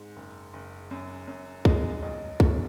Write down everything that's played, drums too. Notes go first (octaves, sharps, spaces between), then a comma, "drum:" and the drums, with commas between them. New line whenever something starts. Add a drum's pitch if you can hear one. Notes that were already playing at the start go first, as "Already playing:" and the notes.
Already playing: G#2
F#1
F#1
F#2
F#2
G#3 D#5, drum: kick
B1 D#5
G#3 C#5, drum: kick